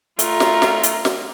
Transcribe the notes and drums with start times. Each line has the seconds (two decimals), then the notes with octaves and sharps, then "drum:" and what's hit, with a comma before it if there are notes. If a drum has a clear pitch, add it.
0.19 A3 F4 A#5, drum: hi-hat
0.40 drum: snare
0.62 drum: snare
0.83 drum: hi-hat
1.05 drum: snare